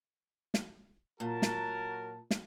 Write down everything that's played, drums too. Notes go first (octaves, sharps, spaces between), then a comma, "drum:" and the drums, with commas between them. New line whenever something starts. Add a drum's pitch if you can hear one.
drum: snare
A#2 F#3 F#4 A#4 A5
drum: snare
drum: snare